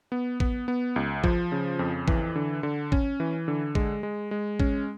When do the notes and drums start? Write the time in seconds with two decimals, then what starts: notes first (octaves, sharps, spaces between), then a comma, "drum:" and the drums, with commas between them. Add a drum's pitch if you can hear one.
0.12 B3
0.40 B3, drum: kick A1
0.68 B3
0.96 C#2
1.24 F3, drum: kick A1
1.52 C#3
1.79 F2
2.08 E3, drum: kick A1
2.36 D3
2.63 D3
2.92 C#4, drum: kick A1
3.20 E3
3.48 D3
3.75 G#3, drum: kick A1
4.03 G#3
4.31 G#3
4.60 C#4, drum: kick A1